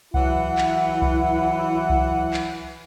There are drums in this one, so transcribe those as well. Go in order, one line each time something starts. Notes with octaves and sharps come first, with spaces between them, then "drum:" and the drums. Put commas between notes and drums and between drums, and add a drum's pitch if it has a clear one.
E3 F#3 E4 F#5, drum: kick C2
drum: clap
drum: kick C2
drum: kick C2
drum: clap